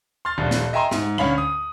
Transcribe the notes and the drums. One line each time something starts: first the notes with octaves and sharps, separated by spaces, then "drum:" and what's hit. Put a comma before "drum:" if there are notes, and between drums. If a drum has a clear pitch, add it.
C6 F6 A6
D#1 A#1
drum: snare
D#5 E5 G5 G#5 A#5 C6
G#2, drum: snare
D2 C#4 C#5 F5 B5 F#7, drum: tom
D#6